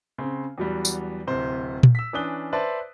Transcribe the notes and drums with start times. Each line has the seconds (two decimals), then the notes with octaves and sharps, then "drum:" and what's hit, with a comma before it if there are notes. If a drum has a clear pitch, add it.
0.18 C#3 C4
0.58 E2 F#3 G3
0.85 drum: tambourine
1.27 D1 C3 C5
1.83 drum: tom A#2
1.95 E6 B6
2.13 E3 C#4 D4 D#6 F#6 G7
2.53 B4 C5 D5 E5 A5 C6